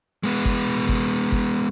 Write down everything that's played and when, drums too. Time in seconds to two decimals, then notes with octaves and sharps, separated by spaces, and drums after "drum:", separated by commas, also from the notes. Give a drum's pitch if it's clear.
0.23 G#3 B3
0.45 drum: kick G1
0.89 drum: kick G1
1.32 drum: kick G1